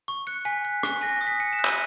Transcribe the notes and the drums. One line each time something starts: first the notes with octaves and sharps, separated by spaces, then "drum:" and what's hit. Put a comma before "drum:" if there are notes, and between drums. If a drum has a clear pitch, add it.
C#6
F#6 C#7
G#5 B6
F#6
C#6, drum: rim click
G#5 A#6
A#6
D#6
B6
G#5 C#7
E7
F#6
D#7, drum: clap